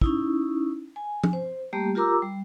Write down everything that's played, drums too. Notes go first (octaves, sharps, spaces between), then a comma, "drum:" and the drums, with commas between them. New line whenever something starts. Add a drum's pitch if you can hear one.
C#4 D#4 E4, drum: kick
G#5
drum: tom F3
C5
G3 A3 A#3 G4
F4 G4 A#4 A#5 D6 E6
G3